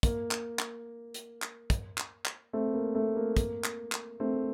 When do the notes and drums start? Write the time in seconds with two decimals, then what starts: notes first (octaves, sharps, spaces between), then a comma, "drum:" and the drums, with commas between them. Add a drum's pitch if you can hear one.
0.03 A#3, drum: kick, hi-hat
0.31 drum: clap
0.59 drum: clap
1.14 drum: hi-hat
1.42 drum: clap
1.70 drum: kick, hi-hat
1.98 drum: clap
2.25 drum: clap
2.53 A3 C4
2.73 A#3
2.95 A3
3.16 A#3
3.37 drum: kick, hi-hat
3.64 drum: clap
3.92 drum: clap
4.20 A3 C4